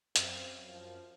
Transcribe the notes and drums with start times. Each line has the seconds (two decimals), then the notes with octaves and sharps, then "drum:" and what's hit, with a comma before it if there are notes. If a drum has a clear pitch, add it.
0.16 F#2 C4 F5, drum: hi-hat
0.69 F3